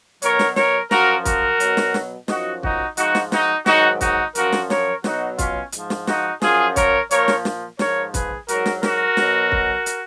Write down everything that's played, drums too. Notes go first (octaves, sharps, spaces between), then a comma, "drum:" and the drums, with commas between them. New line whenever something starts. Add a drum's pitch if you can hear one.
B2 F#3 A#4 C#5, drum: hi-hat
drum: snare
A#4 C#5, drum: snare
F#2 F3 F#4 A#4, drum: snare
F#4 A#4, drum: kick, hi-hat
B2 F#3, drum: hi-hat
drum: snare
drum: snare
F#2 F3 D#4 F#4, drum: snare
D#4 F#4, drum: kick
G#2 F3 D#4 F#4, drum: hi-hat
drum: snare
D#4 F#4, drum: snare
G#2 D#3 F#3 D#4 F#4, drum: snare
D#4 F#4, drum: kick, hi-hat
F#2 F3 F#4 A#4, drum: hi-hat
drum: snare
A#4 C#5, drum: snare
B2 F#3 D#4 F#4, drum: snare
C#4 F4, drum: kick, hi-hat
G#2 F3, drum: hi-hat
drum: snare
D#4 F#4, drum: snare
F#2 F3 F4 G#4, drum: snare
A#4 C#5, drum: kick, hi-hat
A#2 F3 A#4 C#5, drum: hi-hat
drum: snare
drum: snare
G#2 F3 A#4 C#5, drum: snare
G#4 B4, drum: kick, hi-hat
G#2 F#3 F#4 A#4, drum: hi-hat
drum: snare
F#4 A#4, drum: snare
B2 F#3, drum: snare
drum: kick
drum: hi-hat